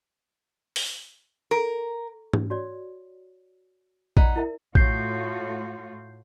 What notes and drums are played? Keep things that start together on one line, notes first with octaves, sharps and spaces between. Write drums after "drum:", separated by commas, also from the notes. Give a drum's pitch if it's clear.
drum: open hi-hat
A#4
drum: tom G#2
F#4 C#5 D5
D#4 D5 F#5 B5, drum: kick A#1
E4 A#4 E5
A2 F4 F#4 G6 C7, drum: kick A#1